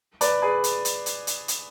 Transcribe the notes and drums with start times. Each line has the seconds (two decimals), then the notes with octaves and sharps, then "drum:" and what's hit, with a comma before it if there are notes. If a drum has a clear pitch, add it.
0.21 B4 D5, drum: hi-hat
0.42 G#4 B4
0.64 drum: hi-hat
0.85 drum: hi-hat
1.06 drum: hi-hat
1.27 drum: hi-hat
1.48 drum: hi-hat